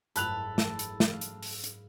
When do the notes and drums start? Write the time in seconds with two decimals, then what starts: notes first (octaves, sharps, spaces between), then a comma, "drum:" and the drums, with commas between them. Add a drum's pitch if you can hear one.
0.16 F#1 G#2 E4 A4 B5 F#6 F7, drum: hi-hat
0.58 drum: snare
0.79 drum: hi-hat
1.00 drum: snare
1.10 F5
1.21 drum: hi-hat
1.43 drum: open hi-hat
1.64 drum: hi-hat